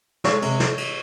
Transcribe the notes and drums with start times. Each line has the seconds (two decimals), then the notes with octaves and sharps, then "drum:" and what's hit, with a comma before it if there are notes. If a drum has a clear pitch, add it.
0.24 G#3 C#5, drum: snare
0.42 C3, drum: cymbal
0.60 drum: snare
0.78 drum: cymbal